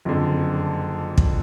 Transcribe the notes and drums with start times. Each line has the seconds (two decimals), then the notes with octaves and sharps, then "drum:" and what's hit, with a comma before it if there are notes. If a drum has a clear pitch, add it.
0.05 F#1 F2 D3
1.18 drum: kick